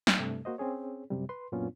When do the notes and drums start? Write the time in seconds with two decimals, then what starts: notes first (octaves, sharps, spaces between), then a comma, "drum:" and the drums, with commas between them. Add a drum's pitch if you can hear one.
0.07 drum: snare
0.19 G2 C3 G3 A3
0.45 A#3 F#4 C5 D#5
0.58 C4 C#4 G#4 C#5
1.11 F#2 C3 G3
1.29 B4 C6
1.52 F#2 A#2 B3 C#4 D4 F4